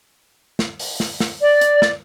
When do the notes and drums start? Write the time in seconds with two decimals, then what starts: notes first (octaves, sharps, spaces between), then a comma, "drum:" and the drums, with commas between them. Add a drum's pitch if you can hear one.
0.59 drum: snare
0.79 drum: open hi-hat
1.00 drum: snare
1.20 drum: snare
1.41 D5
1.61 drum: hi-hat
1.82 drum: snare